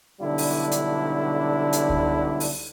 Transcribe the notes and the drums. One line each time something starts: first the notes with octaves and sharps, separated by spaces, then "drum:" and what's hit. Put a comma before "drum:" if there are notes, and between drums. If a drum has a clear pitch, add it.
B1 D3 G3 D4 E4
drum: open hi-hat
drum: hi-hat
drum: hi-hat
drum: kick C#2
drum: open hi-hat